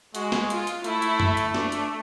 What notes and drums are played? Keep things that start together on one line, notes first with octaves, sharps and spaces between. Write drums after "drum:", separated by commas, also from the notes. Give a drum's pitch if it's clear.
G#3 F#4, drum: hi-hat
drum: snare
F4, drum: hi-hat
drum: hi-hat
A3 E4, drum: hi-hat
drum: hi-hat
drum: tom F#2
drum: hi-hat
D4, drum: snare
drum: hi-hat